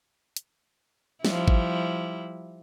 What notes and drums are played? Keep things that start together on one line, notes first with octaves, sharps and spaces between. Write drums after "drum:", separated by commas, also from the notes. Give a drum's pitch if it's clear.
drum: hi-hat
F3 G3 E4, drum: snare
drum: kick